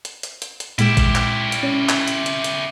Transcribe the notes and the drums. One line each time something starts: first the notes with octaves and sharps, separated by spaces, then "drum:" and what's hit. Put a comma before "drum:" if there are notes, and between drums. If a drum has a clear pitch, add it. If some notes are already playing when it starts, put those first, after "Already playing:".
drum: hi-hat
drum: hi-hat
drum: hi-hat
drum: hi-hat
A#2 G#3 E4 G4 E7, drum: hi-hat
drum: kick, hi-hat
drum: clap
drum: hi-hat
C#4
drum: clap
drum: hi-hat
drum: hi-hat
drum: hi-hat